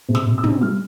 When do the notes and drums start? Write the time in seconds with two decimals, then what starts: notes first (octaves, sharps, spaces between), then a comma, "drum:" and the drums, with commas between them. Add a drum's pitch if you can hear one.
0.09 C3
0.15 E6, drum: snare
0.26 C3
0.38 E6
0.44 C3, drum: tom
0.61 G3 F6